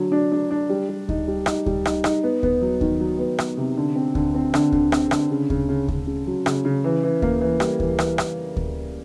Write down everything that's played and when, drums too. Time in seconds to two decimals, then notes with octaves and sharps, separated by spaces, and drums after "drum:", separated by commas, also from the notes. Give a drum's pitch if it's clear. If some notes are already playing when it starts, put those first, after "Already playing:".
Already playing: D3 F#3
0.12 D4
0.32 D4
0.50 D4
0.69 G3
0.89 G3
1.09 D#4, drum: kick D2
1.27 G3
1.46 D#4, drum: rim click
1.66 G3, drum: kick D2
1.85 D#4, drum: rim click
2.04 D#4, drum: rim click
2.23 B3
2.43 B3, drum: kick D2
2.61 F#3
2.81 D#3, drum: kick D2
3.00 F#3
3.19 B3
3.38 B3, drum: rim click
3.57 C3
3.77 D3
3.95 C4
4.15 D3, drum: kick D2
4.34 C4
4.54 D3, drum: rim click
4.72 D3, drum: kick D2
4.92 C4, drum: rim click
5.11 D3, drum: rim click
5.31 C#3
5.50 C#3, drum: kick D2
5.69 C#3
5.88 C#3, drum: kick D2
6.07 C#3
6.27 F#3
6.46 C#3, drum: rim click
6.65 C#3
6.84 E3
7.03 E3
7.22 A#3, drum: kick D2
7.41 E3
7.60 G3, drum: rim click
7.80 E3, drum: kick D2
7.99 E3, drum: rim click
8.18 E3, drum: rim click
8.56 drum: kick D2